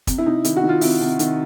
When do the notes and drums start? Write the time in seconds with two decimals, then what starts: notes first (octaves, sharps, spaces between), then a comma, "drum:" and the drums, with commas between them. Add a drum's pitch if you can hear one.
0.07 C3, drum: kick, hi-hat
0.18 E4
0.26 C3 D#4
0.44 D#3 E4, drum: hi-hat
0.57 F#4
0.63 D#3
0.69 F4
0.81 C3 E4, drum: open hi-hat
1.01 C3
1.19 D#3, drum: hi-hat